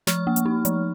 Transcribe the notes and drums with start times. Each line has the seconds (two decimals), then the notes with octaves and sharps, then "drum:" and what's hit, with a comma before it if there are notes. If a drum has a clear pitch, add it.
0.07 F3 C#6 F6, drum: snare
0.27 A#3
0.36 drum: hi-hat
0.46 D#4
0.65 F3, drum: hi-hat